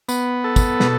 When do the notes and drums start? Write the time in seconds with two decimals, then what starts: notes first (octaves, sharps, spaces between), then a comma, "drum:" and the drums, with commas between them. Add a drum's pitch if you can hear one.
0.09 B3, drum: tambourine
0.44 A4
0.56 drum: kick, tambourine
0.80 B2, drum: snare